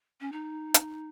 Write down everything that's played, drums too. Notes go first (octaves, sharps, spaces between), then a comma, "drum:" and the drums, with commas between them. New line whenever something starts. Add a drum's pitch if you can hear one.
C#4
D#4
drum: hi-hat